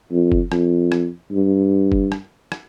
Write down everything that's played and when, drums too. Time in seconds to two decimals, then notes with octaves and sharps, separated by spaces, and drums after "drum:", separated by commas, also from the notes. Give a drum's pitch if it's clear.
0.12 F2
0.32 drum: kick F#1
0.52 F2, drum: rim click
0.92 drum: rim click
1.32 G2
1.92 drum: kick F#1
2.12 drum: rim click
2.52 drum: rim click